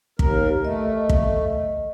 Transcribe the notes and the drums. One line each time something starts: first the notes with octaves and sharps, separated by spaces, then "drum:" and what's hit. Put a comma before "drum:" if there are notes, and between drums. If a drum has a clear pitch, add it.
D#2 A#4, drum: kick
A3 D#5
drum: kick